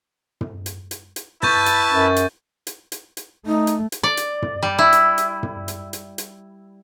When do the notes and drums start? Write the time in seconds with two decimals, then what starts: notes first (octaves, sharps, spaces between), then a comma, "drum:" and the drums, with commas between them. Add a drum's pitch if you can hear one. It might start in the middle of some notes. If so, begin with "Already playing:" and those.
0.41 drum: tom
0.66 drum: hi-hat
0.91 drum: hi-hat
1.16 drum: hi-hat
1.43 E4 B4 A5 C#6 G6 A6, drum: tom
1.66 drum: hi-hat
1.91 F#2
2.16 drum: hi-hat
2.67 drum: hi-hat
2.92 drum: hi-hat
3.17 drum: hi-hat
3.46 A3 D#4
3.67 drum: hi-hat
3.92 drum: hi-hat
4.03 D5
4.17 drum: hi-hat
4.42 drum: tom
4.63 G3
4.79 E4
4.93 drum: hi-hat
5.18 drum: hi-hat
5.43 drum: tom
5.68 drum: hi-hat
5.93 drum: hi-hat
6.18 drum: hi-hat